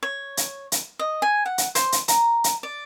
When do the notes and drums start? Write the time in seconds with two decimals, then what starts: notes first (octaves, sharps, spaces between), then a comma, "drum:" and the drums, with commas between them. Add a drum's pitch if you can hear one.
0.03 C#5
0.37 drum: hi-hat
0.72 drum: hi-hat
0.99 D#5
1.22 G#5
1.46 F#5
1.58 drum: hi-hat
1.75 C5, drum: hi-hat
1.92 drum: hi-hat
2.08 A#5, drum: hi-hat
2.44 drum: hi-hat
2.63 D5